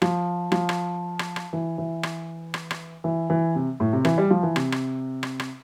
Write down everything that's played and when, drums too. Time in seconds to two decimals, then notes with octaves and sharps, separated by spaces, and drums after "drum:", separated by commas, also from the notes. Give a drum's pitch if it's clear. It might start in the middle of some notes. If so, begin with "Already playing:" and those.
0.02 F3, drum: rim click
0.52 F3, drum: rim click
0.69 drum: rim click
1.19 drum: rim click
1.36 drum: rim click
1.53 E3
1.78 E3
2.03 drum: rim click
2.54 drum: rim click
2.71 drum: rim click
3.04 E3
3.30 E3
3.55 C3
3.80 A2
3.93 C3
4.05 E3, drum: rim click
4.18 G3
4.30 F3
4.43 E3
4.56 C3, drum: rim click
4.72 drum: rim click
5.23 drum: rim click
5.40 drum: rim click